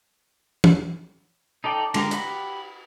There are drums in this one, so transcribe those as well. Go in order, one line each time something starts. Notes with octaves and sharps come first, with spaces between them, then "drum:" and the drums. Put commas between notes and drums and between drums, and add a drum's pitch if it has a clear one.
drum: tom
D#4 A4 D5 G5
D3 G#3 F4 G4 A#4, drum: cymbal
G4 F#5 B5, drum: hi-hat